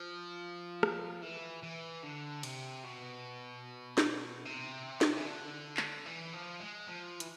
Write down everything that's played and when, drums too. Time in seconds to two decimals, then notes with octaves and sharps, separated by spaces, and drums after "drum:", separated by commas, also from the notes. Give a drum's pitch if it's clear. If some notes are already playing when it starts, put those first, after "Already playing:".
Already playing: F3
0.83 drum: rim click
1.22 E3
1.63 E3
2.04 D3
2.43 C3, drum: cymbal
2.84 B2
3.98 drum: snare
4.45 C3
5.01 drum: snare
5.17 E3
5.26 D3
5.77 drum: clap
6.06 E3
6.33 F3
6.60 G#3
6.87 F3
7.20 E3, drum: hi-hat